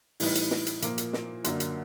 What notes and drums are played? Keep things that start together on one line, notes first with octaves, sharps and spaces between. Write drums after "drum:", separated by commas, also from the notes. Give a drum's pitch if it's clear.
A2 E3 G3 B3 D#4, drum: open hi-hat
drum: hi-hat
drum: snare
drum: hi-hat
A#2 F3 A#3, drum: hi-hat
drum: hi-hat
drum: snare
F#2 D3 F#3 A#3 D4, drum: hi-hat
drum: hi-hat